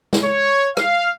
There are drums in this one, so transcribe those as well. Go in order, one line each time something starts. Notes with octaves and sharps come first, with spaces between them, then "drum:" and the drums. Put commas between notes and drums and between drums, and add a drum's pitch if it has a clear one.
drum: snare
C#5
F5, drum: rim click